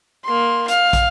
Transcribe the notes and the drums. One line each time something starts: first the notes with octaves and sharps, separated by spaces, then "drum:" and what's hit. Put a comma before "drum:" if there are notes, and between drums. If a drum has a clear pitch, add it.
A#3 C6
F5, drum: hi-hat
drum: kick, hi-hat